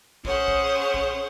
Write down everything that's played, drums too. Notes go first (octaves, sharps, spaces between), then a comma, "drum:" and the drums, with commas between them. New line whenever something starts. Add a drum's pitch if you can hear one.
C#4 G#4 C5 C#5 F#5, drum: kick
drum: kick
drum: kick